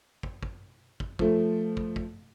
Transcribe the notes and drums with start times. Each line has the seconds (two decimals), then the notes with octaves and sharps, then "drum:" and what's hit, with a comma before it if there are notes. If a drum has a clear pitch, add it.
0.23 drum: kick
0.43 drum: kick
1.00 drum: kick
1.19 F3 A3, drum: kick
1.77 drum: kick
1.96 drum: kick